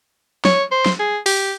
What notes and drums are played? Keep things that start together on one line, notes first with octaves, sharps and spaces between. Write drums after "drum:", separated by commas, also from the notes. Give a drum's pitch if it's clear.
C#5, drum: snare
C5
drum: snare
G#4
G4, drum: open hi-hat